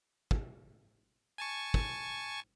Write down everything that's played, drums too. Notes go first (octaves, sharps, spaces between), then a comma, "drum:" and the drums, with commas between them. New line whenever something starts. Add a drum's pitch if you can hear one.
drum: kick
G#5 A5 C#6
drum: kick